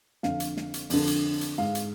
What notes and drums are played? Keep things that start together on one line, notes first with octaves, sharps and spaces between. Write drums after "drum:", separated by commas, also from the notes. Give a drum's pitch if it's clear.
F2 D3 F5, drum: snare
drum: hi-hat
drum: snare
drum: hi-hat
F2 D3, drum: open hi-hat
drum: hi-hat
drum: hi-hat
G#2 F5
drum: hi-hat